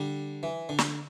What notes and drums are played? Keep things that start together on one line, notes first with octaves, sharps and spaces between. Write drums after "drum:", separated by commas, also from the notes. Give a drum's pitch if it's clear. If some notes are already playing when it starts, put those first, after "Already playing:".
Already playing: D3 G3
E3
D3
drum: snare